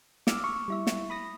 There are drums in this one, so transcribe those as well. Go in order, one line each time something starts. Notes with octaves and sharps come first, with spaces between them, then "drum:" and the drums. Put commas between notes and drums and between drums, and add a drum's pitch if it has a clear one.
D6 E6 F6, drum: snare
C#6
G3 E4 E5
drum: snare
B5 D#6 A#6